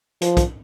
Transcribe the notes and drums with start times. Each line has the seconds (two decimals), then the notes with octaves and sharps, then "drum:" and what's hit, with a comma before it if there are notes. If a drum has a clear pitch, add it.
0.21 F3, drum: hi-hat
0.37 drum: kick, hi-hat